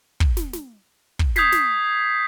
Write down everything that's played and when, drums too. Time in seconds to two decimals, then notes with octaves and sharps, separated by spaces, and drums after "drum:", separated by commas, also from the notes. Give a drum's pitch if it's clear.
0.20 drum: kick
0.37 drum: snare
0.53 drum: snare
1.19 drum: kick
1.36 D#6 G6 G#6 B6 C7, drum: snare
1.52 drum: snare